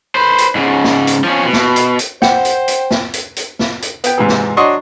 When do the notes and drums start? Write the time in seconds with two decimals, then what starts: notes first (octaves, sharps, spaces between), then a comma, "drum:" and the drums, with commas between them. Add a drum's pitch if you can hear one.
0.15 B4 C5
0.38 drum: hi-hat
0.55 G#2 C#3
0.84 drum: snare
1.07 drum: hi-hat
1.24 F3 C#4
1.44 B2
1.53 drum: snare
1.76 drum: hi-hat
1.99 drum: hi-hat
2.22 C5 F#5 G5, drum: snare
2.45 drum: hi-hat
2.68 drum: hi-hat
2.91 drum: snare
3.14 drum: hi-hat
3.36 drum: hi-hat
3.59 drum: snare
3.82 drum: hi-hat
4.04 B3 G5, drum: hi-hat
4.18 G#2 C3 E3
4.28 drum: snare
4.57 F#3 D4 F#4 D#5 C6 C#6